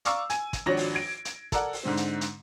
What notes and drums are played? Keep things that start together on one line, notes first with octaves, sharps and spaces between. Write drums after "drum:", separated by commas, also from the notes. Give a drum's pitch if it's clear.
D5 F5 A#5 C#6 D6 E6, drum: hi-hat
G#5, drum: hi-hat
drum: kick, hi-hat
G#1 F3 D4 F#4 C#5 A#6
drum: open hi-hat
G#6 D7
drum: hi-hat
A4 A#4 D5 F#5, drum: kick, hi-hat
drum: open hi-hat
G#2 D3 C4
drum: hi-hat
drum: hi-hat